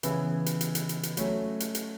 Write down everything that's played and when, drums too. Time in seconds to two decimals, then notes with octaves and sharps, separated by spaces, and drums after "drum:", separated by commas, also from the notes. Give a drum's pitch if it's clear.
0.03 C#3 E3 B3 E4, drum: hi-hat
0.46 drum: hi-hat
0.61 drum: hi-hat
0.75 drum: hi-hat
0.89 drum: hi-hat
1.03 drum: hi-hat
1.17 F#3 A3 C#4, drum: hi-hat
1.60 drum: hi-hat
1.75 drum: hi-hat